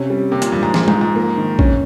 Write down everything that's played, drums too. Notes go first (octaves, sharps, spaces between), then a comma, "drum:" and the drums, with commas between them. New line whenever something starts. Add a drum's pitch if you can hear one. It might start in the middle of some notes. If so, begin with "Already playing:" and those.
Already playing: C3 C#4
G3
C3 A#3
A#2, drum: hi-hat
G2 F3
G#2
A#2 G#3, drum: snare F3
G#2, drum: tom G#3
F3
G#2
A#3
D#3
C#4, drum: kick A1